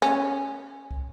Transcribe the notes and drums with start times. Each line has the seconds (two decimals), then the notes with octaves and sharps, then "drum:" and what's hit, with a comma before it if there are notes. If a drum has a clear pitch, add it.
0.02 C#4, drum: snare
0.91 drum: kick